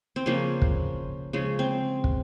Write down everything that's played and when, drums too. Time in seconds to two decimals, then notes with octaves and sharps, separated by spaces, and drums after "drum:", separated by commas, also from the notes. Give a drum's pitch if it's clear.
0.16 C4
0.26 C#3 F3 A#3 C#4
0.62 drum: kick
1.33 C#3 F3 G#3 C#4
1.59 C4
2.04 drum: kick